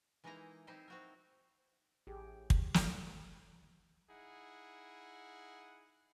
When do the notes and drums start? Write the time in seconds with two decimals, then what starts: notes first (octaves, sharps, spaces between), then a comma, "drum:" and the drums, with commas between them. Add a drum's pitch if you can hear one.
0.24 E3 G#3 A#3 D#4 E4 A#5
0.67 C4 D#4 E4 G4 C5
0.88 C4 F#4 A#4
2.07 A1 G4 G#4
2.50 drum: kick
2.74 drum: snare
4.10 D#4 E4 G#4 F#5